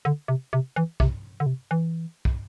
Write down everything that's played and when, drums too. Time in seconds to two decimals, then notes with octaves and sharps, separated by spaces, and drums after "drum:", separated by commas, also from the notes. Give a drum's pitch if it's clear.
0.05 D3
0.28 C3
0.53 C3
0.76 E3
1.00 C3, drum: kick
1.40 D3
1.46 C3
1.71 E3
2.25 drum: kick